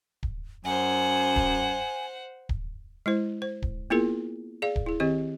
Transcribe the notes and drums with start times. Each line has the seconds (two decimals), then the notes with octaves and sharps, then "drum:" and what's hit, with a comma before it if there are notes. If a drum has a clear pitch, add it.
0.23 drum: kick D1
0.65 F#2 C5 F#5 G#5
1.36 drum: kick D1
2.49 drum: kick D1
3.06 G#3 E4 C5
3.42 C5
3.62 drum: kick D1
3.90 A#3 B3 E4 F4 G#4 A#4
4.62 G#4 D5 F5
4.76 drum: kick D1
4.86 E4 G#4
5.00 D#3 C4 G4 D#5